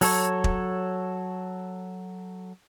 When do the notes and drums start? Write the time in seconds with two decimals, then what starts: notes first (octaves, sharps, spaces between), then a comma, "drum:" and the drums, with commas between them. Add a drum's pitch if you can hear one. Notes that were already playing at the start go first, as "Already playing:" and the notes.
0.01 F#3 A4 C#5, drum: open hi-hat
0.44 drum: kick